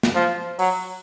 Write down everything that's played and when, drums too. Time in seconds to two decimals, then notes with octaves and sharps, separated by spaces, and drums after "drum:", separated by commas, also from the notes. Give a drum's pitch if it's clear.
0.03 drum: snare
0.14 F3
0.59 F#3, drum: open hi-hat